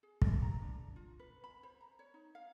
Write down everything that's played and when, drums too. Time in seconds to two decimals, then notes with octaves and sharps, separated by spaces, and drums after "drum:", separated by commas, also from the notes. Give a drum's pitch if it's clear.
0.03 G#4
0.22 A4, drum: kick
0.42 A#5
0.62 D4
0.96 F4
1.19 B4
1.44 B5
1.63 C5
1.81 A#5
1.99 C#5
2.14 D#4
2.35 F5